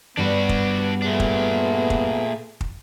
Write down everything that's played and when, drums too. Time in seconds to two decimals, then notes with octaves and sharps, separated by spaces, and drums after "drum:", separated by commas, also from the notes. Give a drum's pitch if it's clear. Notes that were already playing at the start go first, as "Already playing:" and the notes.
0.17 G2 G3 B3 D4 F#4 B4
0.49 drum: kick
1.02 A#2 A3 D4 G#4
1.20 drum: kick
1.90 drum: kick
2.61 drum: kick